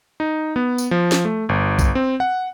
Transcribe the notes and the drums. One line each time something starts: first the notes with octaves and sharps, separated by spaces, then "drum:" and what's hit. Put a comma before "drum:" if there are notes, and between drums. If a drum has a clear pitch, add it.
D#4
B3
drum: tambourine
F3
drum: snare
A3
G1
drum: kick B1, tambourine
C4
F#5